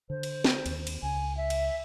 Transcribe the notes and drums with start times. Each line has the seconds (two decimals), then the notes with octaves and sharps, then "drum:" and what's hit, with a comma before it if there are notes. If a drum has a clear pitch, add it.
0.10 D3 C5
0.23 drum: cymbal
0.44 drum: snare
0.66 D#2, drum: cymbal
0.87 drum: cymbal
1.03 C#2 G#5
1.37 E5
1.50 drum: cymbal